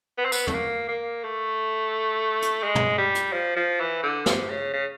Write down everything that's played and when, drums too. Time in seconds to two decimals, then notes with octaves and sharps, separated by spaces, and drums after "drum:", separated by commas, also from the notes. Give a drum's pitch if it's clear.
0.18 B3
0.25 C4
0.32 B3, drum: tambourine
0.47 A3, drum: tom
0.54 A#3
0.88 A#3
1.24 A3
2.42 drum: hi-hat
2.63 G#3
2.75 drum: tom
2.98 G3
3.15 drum: hi-hat
3.33 F3
3.56 F3
3.80 E3
4.03 D3
4.26 C3, drum: snare
4.50 C#3
4.74 C#3